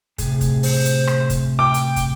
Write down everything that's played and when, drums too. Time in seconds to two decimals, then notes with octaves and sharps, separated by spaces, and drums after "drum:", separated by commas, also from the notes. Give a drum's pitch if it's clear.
0.18 A2 C3 G#4, drum: kick, hi-hat
0.41 drum: kick, hi-hat
0.63 C5, drum: open hi-hat
0.85 drum: hi-hat
1.07 drum: rim click
1.30 drum: kick, hi-hat
1.59 G5 D6
1.74 drum: hi-hat
1.96 drum: kick, hi-hat